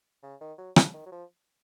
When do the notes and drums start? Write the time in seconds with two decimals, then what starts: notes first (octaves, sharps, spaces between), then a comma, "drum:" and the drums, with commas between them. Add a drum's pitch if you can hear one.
0.23 C#3
0.41 D#3
0.58 F#3
0.76 C#3, drum: rim click
0.94 D#3
1.06 F#3
1.12 F3